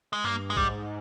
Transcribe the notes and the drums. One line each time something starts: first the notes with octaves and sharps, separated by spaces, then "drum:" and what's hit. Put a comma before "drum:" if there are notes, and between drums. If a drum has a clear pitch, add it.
G#3
G2 A#3
G#3
G#2 G3, drum: kick A#1